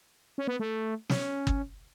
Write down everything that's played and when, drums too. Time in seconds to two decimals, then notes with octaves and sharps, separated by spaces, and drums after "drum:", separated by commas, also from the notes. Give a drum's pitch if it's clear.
0.38 C#4
0.47 B3
0.60 A3
1.10 C#4, drum: snare
1.47 drum: kick G1